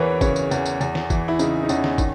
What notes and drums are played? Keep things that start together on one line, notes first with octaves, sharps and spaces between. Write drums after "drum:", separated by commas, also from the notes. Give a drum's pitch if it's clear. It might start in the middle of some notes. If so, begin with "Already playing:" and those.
Already playing: E2 E3 A#4 B4 C#5
C#3 C#5, drum: kick, tambourine
drum: tambourine
E2, drum: tambourine
drum: tambourine
E2, drum: tambourine
drum: snare
E3, drum: kick, tambourine
E4
C#3 D#4, drum: tambourine
D#4
E2 C#4, drum: tambourine
drum: snare
D#3, drum: kick, tambourine